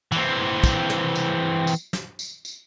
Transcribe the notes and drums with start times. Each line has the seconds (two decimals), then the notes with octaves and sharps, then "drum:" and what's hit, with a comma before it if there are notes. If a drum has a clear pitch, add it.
0.12 E3 C4, drum: tambourine
0.64 drum: kick, tambourine
0.90 drum: snare
1.15 drum: tambourine
1.67 drum: tambourine
1.93 drum: snare
2.19 drum: tambourine
2.45 drum: tambourine